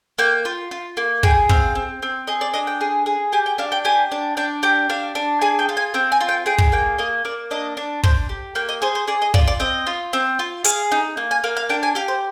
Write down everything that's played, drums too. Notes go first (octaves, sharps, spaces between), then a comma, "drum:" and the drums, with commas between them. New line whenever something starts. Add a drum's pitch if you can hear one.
A#3 G5
F4
F4
A#3
G#4 G5, drum: kick
C4 F5, drum: kick
C4
C4
G#4 D#5
D5
D4 D#5
G5
G#4
G#4
G4 G#5
G5
D4 F5
G5
G4 G#5
D4
D4 G5
G4 G5
D4 F5
D4
G#4 G#5
G5
F4
G#5
C4 G5
G#5
F4
G5
G#4 G5
drum: kick
A#3 G5
A#3 D#5
A#3 D5
D4 D#5
D4
D4 C5, drum: kick
G4
A#3 G5
D#5
G#4 C5
C5
G#4 D5
D#5
F4 D5, drum: kick
D5
C4 D#5
F4
C4
F4
G#4 F5, drum: hi-hat
D#4
A#3
G#5
A#3 F5
F5
D4 G5
G#5
G4 F5
C5